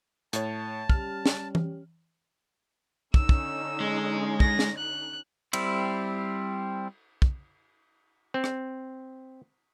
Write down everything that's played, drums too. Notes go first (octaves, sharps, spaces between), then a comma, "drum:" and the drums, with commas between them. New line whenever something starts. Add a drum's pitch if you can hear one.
A2 C#5 A5, drum: hi-hat
G3 C#4 G4 F6, drum: kick
drum: snare
drum: tom E3
D3 C#4 D#4 E6, drum: kick
drum: kick
G#3
A#6, drum: kick
drum: snare
F#6
G3 C4 E4, drum: cymbal
drum: kick
C4
drum: rim click